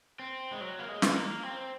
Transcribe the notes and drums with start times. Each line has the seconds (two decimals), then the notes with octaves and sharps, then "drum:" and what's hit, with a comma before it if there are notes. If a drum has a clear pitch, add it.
0.19 C4
0.52 G#3
0.61 F#3
0.79 A#3
0.88 G#3
1.02 drum: snare
1.16 A#3
1.43 C4